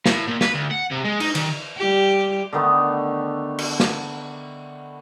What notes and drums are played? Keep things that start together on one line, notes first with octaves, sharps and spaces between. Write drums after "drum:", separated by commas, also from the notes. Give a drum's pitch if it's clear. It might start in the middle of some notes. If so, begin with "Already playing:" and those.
A2, drum: snare
A#2
B4, drum: snare
D2
F#5
C3
G#3
D#4, drum: cymbal
D#3, drum: cymbal
G3 G4
D3 D#3 A3 B3
drum: cymbal
drum: snare